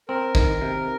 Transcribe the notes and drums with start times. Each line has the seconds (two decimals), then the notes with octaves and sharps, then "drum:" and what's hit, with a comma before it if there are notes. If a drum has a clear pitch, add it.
0.09 C4 A#4
0.35 D#3, drum: kick
0.61 C3